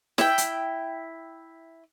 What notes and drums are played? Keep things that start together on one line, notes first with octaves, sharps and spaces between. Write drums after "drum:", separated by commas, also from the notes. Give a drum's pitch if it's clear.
E4 G5, drum: snare
drum: hi-hat